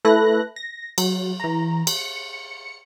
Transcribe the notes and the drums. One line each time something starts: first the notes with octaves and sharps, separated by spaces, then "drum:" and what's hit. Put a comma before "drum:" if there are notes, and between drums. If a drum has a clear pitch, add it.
A3 E4 A4 B4 F#6 A#6
A#6
F#3, drum: cymbal
E3 A#5
drum: cymbal
C#7